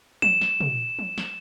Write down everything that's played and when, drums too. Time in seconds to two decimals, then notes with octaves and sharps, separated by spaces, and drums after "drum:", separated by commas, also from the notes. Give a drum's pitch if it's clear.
0.22 E7, drum: tom
0.41 drum: snare
0.60 drum: tom
0.99 drum: tom
1.18 drum: snare